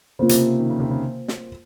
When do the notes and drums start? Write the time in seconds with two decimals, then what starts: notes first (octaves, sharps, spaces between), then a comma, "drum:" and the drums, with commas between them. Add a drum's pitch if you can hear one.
0.19 C#3 A#3 F4 C5
0.29 C3, drum: hi-hat
0.59 D#3
0.70 C#3
0.80 C3
0.90 C#3
1.28 drum: snare